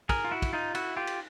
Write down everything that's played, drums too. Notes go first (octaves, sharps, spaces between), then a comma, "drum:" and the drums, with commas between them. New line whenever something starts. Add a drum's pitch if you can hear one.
G#4 A#4, drum: kick, cymbal
F4
E4 F#4
drum: kick, cymbal
D#4 F4
E4 F#4, drum: cymbal
F4 G4
drum: cymbal